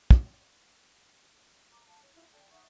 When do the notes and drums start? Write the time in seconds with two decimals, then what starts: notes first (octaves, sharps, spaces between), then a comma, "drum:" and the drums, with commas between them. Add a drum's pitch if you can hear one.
0.11 drum: kick
1.71 A#5 D6
1.87 F5 A5 D6
2.01 C#5
2.14 E4 F4 F5
2.32 A4 D5 G5
2.50 D#4 E5 F#5 C#6